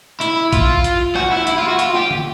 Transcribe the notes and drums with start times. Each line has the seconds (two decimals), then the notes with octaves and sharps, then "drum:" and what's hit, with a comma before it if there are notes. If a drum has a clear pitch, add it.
0.21 E4, drum: hi-hat
0.53 F4, drum: kick A#1, hi-hat
0.84 drum: hi-hat
1.16 F#4, drum: rim click
1.32 E4
1.47 E4, drum: hi-hat
1.58 F4
1.69 F#4
1.79 F4, drum: hi-hat
1.95 G4
2.11 drum: tom D3